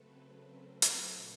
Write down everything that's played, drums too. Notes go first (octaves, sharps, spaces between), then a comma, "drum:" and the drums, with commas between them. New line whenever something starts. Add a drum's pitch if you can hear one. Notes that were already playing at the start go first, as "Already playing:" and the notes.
Already playing: C#3 F#3 A3 C4 A4 B4
A#4 C5
drum: hi-hat
A#2 F#3 A3